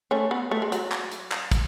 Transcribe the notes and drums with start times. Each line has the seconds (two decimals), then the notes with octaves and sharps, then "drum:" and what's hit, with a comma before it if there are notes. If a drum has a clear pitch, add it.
0.11 A3 C#4
0.31 B3
0.51 A3
0.62 G#3
0.72 F#3, drum: hi-hat
0.92 drum: clap
1.12 drum: hi-hat
1.32 drum: clap
1.52 drum: kick, hi-hat